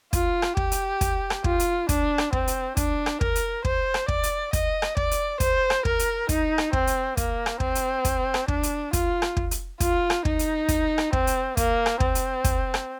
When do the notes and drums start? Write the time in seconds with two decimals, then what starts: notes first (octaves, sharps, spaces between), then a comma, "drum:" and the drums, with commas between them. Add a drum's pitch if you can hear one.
0.13 F4, drum: kick, hi-hat
0.42 drum: rim click
0.57 G4, drum: kick
0.72 drum: hi-hat
1.01 drum: kick, hi-hat
1.30 drum: rim click
1.44 F4, drum: kick
1.60 drum: hi-hat
1.89 D4, drum: kick, hi-hat
2.18 drum: rim click
2.33 C4, drum: kick
2.47 drum: hi-hat
2.77 D4, drum: kick, hi-hat
3.06 drum: rim click
3.21 A#4, drum: kick
3.35 drum: hi-hat
3.65 C5, drum: kick
3.94 drum: rim click
4.08 D5, drum: kick
4.23 drum: hi-hat
4.53 D#5, drum: kick, hi-hat
4.82 drum: rim click
4.97 D5, drum: kick
5.11 drum: hi-hat
5.40 C5, drum: kick, hi-hat
5.70 drum: rim click
5.85 A#4, drum: kick
5.99 drum: hi-hat
6.29 D#4, drum: kick, hi-hat
6.58 drum: rim click
6.73 C4, drum: kick
6.87 drum: hi-hat
7.17 A#3, drum: kick, hi-hat
7.46 drum: rim click
7.60 C4, drum: kick
7.75 drum: hi-hat
8.05 drum: kick, hi-hat
8.34 drum: rim click
8.48 D4, drum: kick
8.63 drum: hi-hat
8.93 F4, drum: kick, hi-hat
9.22 drum: rim click
9.37 drum: kick
9.51 drum: hi-hat
9.80 F4, drum: kick, hi-hat
10.10 drum: rim click
10.25 D#4, drum: kick
10.39 drum: hi-hat
10.68 drum: kick, hi-hat
10.98 drum: rim click
11.13 C4, drum: kick
11.27 drum: hi-hat
11.57 A#3, drum: kick, hi-hat
11.86 drum: rim click
12.00 C4, drum: kick
12.15 drum: hi-hat
12.44 drum: kick, hi-hat
12.74 drum: rim click